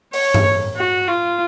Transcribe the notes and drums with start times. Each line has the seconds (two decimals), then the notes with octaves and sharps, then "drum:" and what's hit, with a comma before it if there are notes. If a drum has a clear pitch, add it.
0.13 C#5, drum: open hi-hat
0.34 drum: tom G2
0.77 F#4
1.08 F4